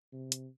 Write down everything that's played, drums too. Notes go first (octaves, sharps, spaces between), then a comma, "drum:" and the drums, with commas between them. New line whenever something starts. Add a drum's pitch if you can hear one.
C3
drum: hi-hat